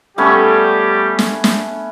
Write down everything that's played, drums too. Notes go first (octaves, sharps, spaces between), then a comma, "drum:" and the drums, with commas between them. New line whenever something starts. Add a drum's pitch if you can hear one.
G3 A3 B3 C#4 G4
drum: snare
drum: snare